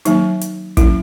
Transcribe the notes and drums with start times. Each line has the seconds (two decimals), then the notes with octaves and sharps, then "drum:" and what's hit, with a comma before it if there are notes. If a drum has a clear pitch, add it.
0.05 D#3 F#3 A#3 D#4, drum: hi-hat
0.41 drum: hi-hat
0.77 F#3 A#3 C#4 E4, drum: kick, hi-hat